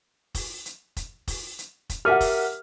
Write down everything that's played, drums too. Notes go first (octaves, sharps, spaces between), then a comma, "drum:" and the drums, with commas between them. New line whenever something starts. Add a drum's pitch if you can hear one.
drum: kick F1, open hi-hat
drum: hi-hat
drum: kick F1, hi-hat
drum: kick F1, open hi-hat
drum: hi-hat
drum: kick F1, hi-hat
G4 A#4 E5 F#5 F6
drum: kick F1, open hi-hat